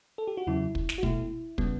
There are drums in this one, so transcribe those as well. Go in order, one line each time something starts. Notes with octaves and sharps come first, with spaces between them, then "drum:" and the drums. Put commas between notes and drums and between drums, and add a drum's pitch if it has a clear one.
A4
G4
F#4
E2 C#3 F#3 E4
drum: kick
drum: snare
F#4
B2 A3 E4, drum: kick
C#3 G3 B3, drum: kick